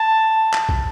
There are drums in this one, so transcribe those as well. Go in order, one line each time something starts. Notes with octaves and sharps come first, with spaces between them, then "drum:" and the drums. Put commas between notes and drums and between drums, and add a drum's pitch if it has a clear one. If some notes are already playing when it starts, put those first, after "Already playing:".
Already playing: A5
drum: clap
drum: kick